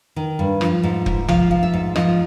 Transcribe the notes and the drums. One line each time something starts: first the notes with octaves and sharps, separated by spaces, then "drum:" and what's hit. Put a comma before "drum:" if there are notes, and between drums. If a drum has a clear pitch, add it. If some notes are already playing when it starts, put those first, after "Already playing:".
D#3
G2
F3, drum: rim click
G#2
G#2, drum: kick
F3 F5, drum: tom A#1
F3
E5
G#2
F3 D#5, drum: rim click